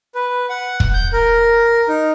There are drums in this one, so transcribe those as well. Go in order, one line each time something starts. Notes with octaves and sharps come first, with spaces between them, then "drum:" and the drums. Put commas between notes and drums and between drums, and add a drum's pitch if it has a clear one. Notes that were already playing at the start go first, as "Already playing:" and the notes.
B4
F#5
drum: kick
G6
A#4
D#4